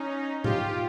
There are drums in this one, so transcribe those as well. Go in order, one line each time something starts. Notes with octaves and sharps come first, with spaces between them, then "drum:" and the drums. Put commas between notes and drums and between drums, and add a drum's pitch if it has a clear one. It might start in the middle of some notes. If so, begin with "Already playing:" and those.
Already playing: C#4 D#4
F4 G4, drum: tom A2